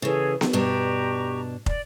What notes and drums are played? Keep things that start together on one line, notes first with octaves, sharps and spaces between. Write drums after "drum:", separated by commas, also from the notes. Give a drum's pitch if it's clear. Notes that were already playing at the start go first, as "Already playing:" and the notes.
C#3 E3 G#4 A4 C#5
drum: snare B3
G2 B2 D4 G4 A#5 C#6
D5, drum: kick